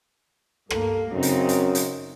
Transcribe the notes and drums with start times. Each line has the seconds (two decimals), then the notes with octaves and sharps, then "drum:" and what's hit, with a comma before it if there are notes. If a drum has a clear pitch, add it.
0.70 G2 A#3 A4, drum: rim click
1.13 F#2 C#3 C4 D#4
1.23 drum: hi-hat
1.49 drum: hi-hat
1.75 drum: hi-hat